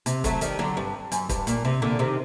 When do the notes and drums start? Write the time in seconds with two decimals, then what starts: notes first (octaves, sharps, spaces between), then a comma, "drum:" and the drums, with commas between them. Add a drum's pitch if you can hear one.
0.06 C3, drum: hi-hat
0.24 F#3 A3, drum: kick, hi-hat
0.41 D#3 G3, drum: hi-hat
0.59 D3 F#3
0.77 G2
1.12 F#2, drum: hi-hat
1.29 G2, drum: kick, hi-hat
1.47 A#2, drum: hi-hat
1.65 C3
1.82 A#2 D3
1.99 C3 D#3